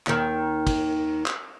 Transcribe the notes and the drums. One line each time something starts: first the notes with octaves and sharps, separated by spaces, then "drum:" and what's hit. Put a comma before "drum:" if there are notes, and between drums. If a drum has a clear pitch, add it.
D#2 D#3, drum: clap
drum: kick, cymbal
drum: clap